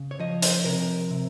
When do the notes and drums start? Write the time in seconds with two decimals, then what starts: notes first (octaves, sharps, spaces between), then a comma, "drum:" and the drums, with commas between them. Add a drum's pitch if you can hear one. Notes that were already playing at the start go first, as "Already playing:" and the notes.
Already playing: C#3
0.11 C#5
0.19 F3 D#5
0.42 C5, drum: hi-hat
0.65 C3 A#4
1.10 C3